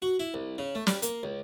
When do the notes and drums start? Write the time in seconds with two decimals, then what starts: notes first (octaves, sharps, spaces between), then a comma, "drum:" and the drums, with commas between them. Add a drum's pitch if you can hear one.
0.02 F#4
0.19 E4
0.34 C2
0.58 C#3
0.75 A3
0.87 G3, drum: snare
1.02 A#3, drum: hi-hat
1.23 C#2